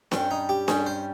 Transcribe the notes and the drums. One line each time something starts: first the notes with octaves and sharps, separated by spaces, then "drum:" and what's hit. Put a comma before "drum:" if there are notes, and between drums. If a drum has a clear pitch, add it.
G2 G3 C4 C#4, drum: snare D4
D#4
G4
G2 G3 C#4 G#4, drum: snare D4
C5